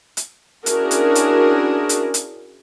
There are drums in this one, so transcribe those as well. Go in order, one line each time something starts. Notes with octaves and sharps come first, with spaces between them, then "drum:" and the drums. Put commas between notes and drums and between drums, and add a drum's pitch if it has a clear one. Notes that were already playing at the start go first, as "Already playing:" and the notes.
drum: hi-hat
C#4 D4 E4 F#4 G#4 A#4, drum: hi-hat
drum: hi-hat
drum: hi-hat
drum: hi-hat
drum: hi-hat